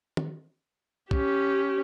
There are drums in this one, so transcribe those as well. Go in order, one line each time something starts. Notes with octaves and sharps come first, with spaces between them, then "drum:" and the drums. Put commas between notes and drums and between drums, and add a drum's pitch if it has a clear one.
drum: tom
C#4 G4, drum: kick